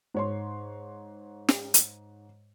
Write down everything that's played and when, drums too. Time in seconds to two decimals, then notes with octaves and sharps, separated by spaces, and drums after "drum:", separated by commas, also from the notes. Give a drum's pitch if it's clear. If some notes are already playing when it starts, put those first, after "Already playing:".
0.14 G#2 C#5 C6
1.49 drum: snare
1.74 drum: hi-hat